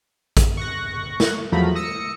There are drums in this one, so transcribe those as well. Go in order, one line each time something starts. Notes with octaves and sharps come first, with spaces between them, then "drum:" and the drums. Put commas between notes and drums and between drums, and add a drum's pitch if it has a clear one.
drum: kick A1, hi-hat
C#6 F#6 A#6
drum: snare
E2 F3 F#3 A3 A#5 B5
D#6 E6 A#6 C#7